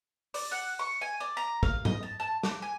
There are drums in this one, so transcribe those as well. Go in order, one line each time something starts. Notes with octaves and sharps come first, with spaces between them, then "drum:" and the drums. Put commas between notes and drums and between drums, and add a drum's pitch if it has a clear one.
D5, drum: open hi-hat
F#5
C#6
G#5
D5
A#5
F5, drum: kick
D#5, drum: tom G#2
A5
A5
D6, drum: snare
G#5